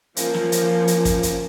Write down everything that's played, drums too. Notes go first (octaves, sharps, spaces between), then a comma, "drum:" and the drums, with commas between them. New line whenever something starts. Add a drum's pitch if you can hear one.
F3 A#3 C#4, drum: hi-hat
drum: snare
drum: hi-hat
drum: hi-hat
drum: kick, hi-hat
drum: hi-hat